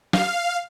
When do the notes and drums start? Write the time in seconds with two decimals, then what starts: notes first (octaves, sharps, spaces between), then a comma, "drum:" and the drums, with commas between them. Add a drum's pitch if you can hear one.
0.13 F5, drum: snare